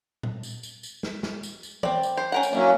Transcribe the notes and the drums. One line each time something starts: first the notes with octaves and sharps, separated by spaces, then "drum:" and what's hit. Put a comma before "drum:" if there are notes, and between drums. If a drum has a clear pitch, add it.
drum: tom A#2
drum: tambourine
drum: tambourine
drum: tambourine
drum: snare
drum: snare
drum: tambourine
drum: tambourine
C4 D5, drum: tom
drum: tambourine
C5
C#4 A#4 F#5
drum: tambourine
F#3 A#3 C#4 D4 E4